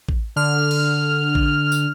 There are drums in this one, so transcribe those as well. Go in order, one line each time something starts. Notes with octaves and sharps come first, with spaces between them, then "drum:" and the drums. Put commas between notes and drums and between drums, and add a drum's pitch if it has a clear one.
drum: kick A1
D3 F6
drum: cymbal
drum: kick A1
drum: tambourine